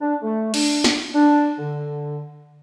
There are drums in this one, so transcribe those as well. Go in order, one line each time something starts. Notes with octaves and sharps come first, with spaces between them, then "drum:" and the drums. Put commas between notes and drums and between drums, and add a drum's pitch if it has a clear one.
D4
A3
D4, drum: cymbal
drum: snare
D4
D3